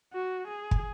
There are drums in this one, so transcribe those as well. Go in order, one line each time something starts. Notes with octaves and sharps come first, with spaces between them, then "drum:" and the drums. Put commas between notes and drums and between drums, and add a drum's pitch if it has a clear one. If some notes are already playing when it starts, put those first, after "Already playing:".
F#4
G#4
drum: kick